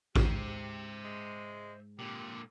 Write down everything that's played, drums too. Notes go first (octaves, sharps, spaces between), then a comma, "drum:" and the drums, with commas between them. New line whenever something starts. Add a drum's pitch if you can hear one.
C#2 G#2 G4 C5 E5, drum: kick A1
G#3
A#2 D3 G4